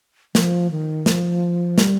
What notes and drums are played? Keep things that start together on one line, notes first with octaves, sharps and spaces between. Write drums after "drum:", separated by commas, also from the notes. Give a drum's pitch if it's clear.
F3, drum: snare
D#3
F3, drum: snare
G3, drum: snare